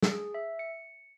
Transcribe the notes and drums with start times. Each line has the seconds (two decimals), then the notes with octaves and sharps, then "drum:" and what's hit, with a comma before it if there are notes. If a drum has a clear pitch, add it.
0.02 G#4, drum: snare
0.34 E5
0.59 C#7